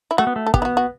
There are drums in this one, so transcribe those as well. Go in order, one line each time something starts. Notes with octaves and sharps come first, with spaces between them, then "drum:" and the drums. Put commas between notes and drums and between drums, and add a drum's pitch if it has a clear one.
E4
A3 F#4
B3
A3
A4
B3 G4, drum: kick
E4
F#4
F#4